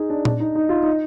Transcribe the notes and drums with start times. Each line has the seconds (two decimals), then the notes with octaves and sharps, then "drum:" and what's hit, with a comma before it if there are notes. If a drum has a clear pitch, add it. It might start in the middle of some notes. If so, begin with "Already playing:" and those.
Already playing: D#4 G#4
0.10 D4
0.25 D4, drum: tom A#2
0.40 D#4
0.55 D#4
0.69 F4
0.83 D#4